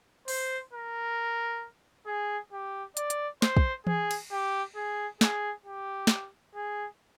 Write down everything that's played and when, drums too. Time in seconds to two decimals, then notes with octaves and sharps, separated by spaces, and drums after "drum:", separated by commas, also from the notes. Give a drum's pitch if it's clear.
0.28 C5, drum: open hi-hat
0.73 A#4
2.07 G#4
2.53 G4
2.97 D5, drum: hi-hat
3.10 drum: hi-hat
3.42 C5, drum: snare
3.57 drum: kick
3.87 G#4, drum: tom E3
4.11 drum: cymbal
4.32 G4
4.76 G#4
5.21 G#4, drum: snare
5.66 G4
6.07 drum: snare
6.55 G#4